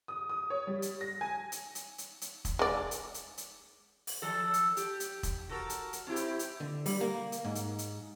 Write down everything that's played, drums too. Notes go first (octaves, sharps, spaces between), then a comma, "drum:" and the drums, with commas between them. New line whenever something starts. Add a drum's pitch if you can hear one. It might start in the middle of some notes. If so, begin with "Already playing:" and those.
D#6
D#6
C#5
G3
drum: hi-hat
A#6
G#5
drum: hi-hat
drum: hi-hat
drum: hi-hat
drum: hi-hat
drum: kick, hi-hat
G#3 D5
drum: hi-hat
drum: hi-hat
drum: hi-hat
drum: open hi-hat
F3 A4
drum: hi-hat
G4, drum: hi-hat
drum: hi-hat
drum: kick, hi-hat
F#4 A4 A#4
drum: hi-hat
drum: hi-hat
C4 E4 G4
drum: hi-hat
drum: hi-hat
D3
G3, drum: open hi-hat
A#3
drum: hi-hat
G#2
drum: hi-hat
drum: hi-hat